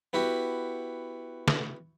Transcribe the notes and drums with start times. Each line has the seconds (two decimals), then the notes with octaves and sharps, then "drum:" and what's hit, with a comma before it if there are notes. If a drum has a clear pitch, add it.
0.13 B3 E4 F#4 G4
1.48 drum: snare